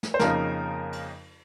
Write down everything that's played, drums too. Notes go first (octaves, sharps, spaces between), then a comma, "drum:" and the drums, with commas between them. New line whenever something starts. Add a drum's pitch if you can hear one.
drum: snare
C5
F2 C#3 F3 A#3 D#4 A#4, drum: snare
drum: cymbal